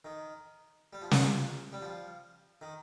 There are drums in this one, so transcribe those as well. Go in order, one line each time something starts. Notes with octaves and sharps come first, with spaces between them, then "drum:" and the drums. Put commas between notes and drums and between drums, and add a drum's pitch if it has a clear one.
D#3
G3
F3
D#3, drum: snare
F3
G3
F3
D#3